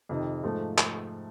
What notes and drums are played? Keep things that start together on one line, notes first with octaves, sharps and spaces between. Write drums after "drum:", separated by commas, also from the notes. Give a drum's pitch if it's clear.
F2 C3 D#3
G#2 F3 A3
drum: clap